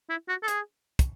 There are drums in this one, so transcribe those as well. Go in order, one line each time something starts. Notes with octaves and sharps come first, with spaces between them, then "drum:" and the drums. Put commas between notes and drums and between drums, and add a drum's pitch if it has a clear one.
E4
F#4
A4
G#4, drum: hi-hat
drum: kick, hi-hat